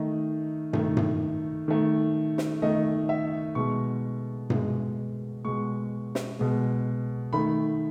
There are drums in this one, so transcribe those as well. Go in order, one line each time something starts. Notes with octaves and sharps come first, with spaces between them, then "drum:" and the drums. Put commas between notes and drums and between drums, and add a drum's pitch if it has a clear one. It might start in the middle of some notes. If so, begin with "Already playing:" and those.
Already playing: D#3 A3 D#5
D#3 A3, drum: tom G2
drum: tom G2
D#3 A3
drum: snare
D#3 A3 D#5
E5
B2 G#3 C#6
B2 G#3, drum: tom G2
B2 G#3 C#6
drum: snare
B2 G#3
D#3 A3 B5